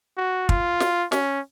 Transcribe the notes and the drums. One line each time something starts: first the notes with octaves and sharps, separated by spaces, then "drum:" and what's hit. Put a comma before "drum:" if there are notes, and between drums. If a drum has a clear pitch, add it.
F#4
F4, drum: kick
drum: snare
C#4, drum: snare